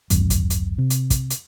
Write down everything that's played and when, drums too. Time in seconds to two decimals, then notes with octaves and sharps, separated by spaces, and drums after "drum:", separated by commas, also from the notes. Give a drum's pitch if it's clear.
0.10 D1 G#1 F#2, drum: hi-hat
0.30 drum: kick, hi-hat
0.50 drum: hi-hat
0.78 C3
0.90 drum: hi-hat
1.10 drum: kick, hi-hat
1.30 drum: hi-hat